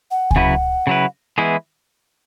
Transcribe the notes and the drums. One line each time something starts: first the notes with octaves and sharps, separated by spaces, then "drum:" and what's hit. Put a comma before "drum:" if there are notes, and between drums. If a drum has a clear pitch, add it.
F#5
G#5, drum: kick C#2
C#3 F#3 E4 B4 F#5
C#3 F#3 E4 B4
E3 G#3 B3 E4 G#4